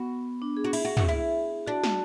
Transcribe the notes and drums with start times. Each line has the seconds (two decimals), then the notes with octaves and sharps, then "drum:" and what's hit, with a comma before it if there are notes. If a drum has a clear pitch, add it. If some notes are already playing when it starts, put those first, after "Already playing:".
Already playing: B3 F#4
0.42 D4
0.57 G#4
0.64 F#4
0.73 E4, drum: cymbal
0.85 F#4
0.97 F#4, drum: tom
1.09 E4
1.67 D4 F#4
1.84 drum: snare